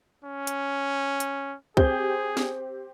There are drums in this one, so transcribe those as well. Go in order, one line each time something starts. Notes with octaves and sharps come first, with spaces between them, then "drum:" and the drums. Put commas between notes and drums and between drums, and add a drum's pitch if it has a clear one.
C#4
drum: hi-hat
drum: hi-hat
C4 G4 G#4 G6, drum: kick C2
drum: snare